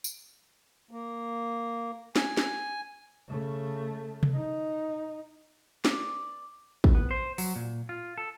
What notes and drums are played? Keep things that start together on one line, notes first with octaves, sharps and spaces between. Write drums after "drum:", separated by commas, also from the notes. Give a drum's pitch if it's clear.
drum: tambourine
A#3
G#5, drum: snare
drum: snare
C#3 A3
drum: tom C3
D#4
D5, drum: snare
drum: kick
B3
C5
F#3, drum: open hi-hat
A#2
F4
A4